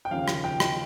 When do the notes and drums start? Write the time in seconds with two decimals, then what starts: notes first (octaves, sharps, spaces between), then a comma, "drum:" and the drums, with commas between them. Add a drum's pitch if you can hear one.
0.05 G5
0.11 D#2 C#3 F3 F5
0.28 drum: rim click
0.44 G5
0.60 drum: rim click